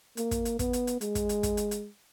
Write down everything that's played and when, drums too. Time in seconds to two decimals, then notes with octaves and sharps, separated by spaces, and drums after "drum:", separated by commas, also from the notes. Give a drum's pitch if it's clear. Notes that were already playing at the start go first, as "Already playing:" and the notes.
0.17 A#3, drum: hi-hat
0.31 drum: kick, hi-hat
0.45 drum: hi-hat
0.59 B3, drum: kick, hi-hat
0.73 drum: hi-hat
0.87 drum: hi-hat
1.01 G#3, drum: hi-hat
1.15 drum: kick, hi-hat
1.29 drum: hi-hat
1.43 drum: kick, hi-hat
1.57 drum: hi-hat
1.71 drum: hi-hat